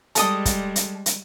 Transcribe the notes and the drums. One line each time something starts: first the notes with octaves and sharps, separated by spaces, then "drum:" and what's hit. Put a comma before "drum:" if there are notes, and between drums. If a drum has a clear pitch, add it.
G3 G#3 A4 D#5 D#6, drum: hi-hat
drum: kick, hi-hat
drum: hi-hat
drum: hi-hat